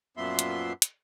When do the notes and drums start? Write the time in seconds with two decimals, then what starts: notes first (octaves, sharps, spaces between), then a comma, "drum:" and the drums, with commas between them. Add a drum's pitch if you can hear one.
0.17 F#2 A#2 F3 B3 E5 C6
0.39 drum: hi-hat
0.82 drum: hi-hat